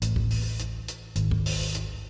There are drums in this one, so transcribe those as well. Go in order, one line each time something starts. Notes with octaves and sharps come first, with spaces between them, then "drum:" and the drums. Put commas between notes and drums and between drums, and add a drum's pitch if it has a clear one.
A1, drum: hi-hat
drum: kick
drum: open hi-hat
drum: hi-hat
drum: hi-hat
G#1, drum: hi-hat
drum: kick
drum: open hi-hat
drum: hi-hat